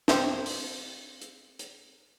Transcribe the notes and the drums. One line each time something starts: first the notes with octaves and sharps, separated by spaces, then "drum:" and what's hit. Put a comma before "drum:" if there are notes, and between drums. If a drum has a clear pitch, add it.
C4 G4 C5, drum: snare
drum: open hi-hat
drum: hi-hat
drum: hi-hat